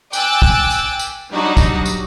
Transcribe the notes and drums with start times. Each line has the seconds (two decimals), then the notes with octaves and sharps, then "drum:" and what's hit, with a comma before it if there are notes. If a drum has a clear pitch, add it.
0.13 G5 G#5 D6 E6 F#6 A6, drum: tambourine
0.42 drum: kick
0.71 drum: tambourine
0.99 drum: tambourine
1.32 F#3 G3 D4 D#4 F#4
1.57 drum: kick, tambourine
1.86 drum: tambourine